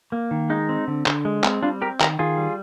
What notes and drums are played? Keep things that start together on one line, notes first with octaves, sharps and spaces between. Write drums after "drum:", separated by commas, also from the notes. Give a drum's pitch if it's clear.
A#3
D#3
G#3 D#4
C4
D3
D3, drum: clap
G#3
C4, drum: clap
G3 D4 F4
C4 G4 A#4
D#3 G4 A#4, drum: clap
D#3 F4 G#4
G3